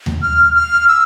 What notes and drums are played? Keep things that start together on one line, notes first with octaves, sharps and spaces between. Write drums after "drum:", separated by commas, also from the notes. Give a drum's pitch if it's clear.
drum: tom D#2
F6
F6
E6